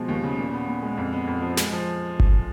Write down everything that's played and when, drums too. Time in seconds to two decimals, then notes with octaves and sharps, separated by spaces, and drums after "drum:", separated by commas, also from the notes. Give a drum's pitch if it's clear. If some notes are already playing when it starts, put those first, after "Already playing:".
Already playing: B2 F3 G#3
0.08 D#2
0.23 C#3
0.38 A#2
0.53 B3
0.68 A#2
0.83 G#3
0.97 F2
1.13 B3
1.27 F2
1.42 F3
1.57 G#3, drum: snare
1.72 F3
2.20 drum: kick G1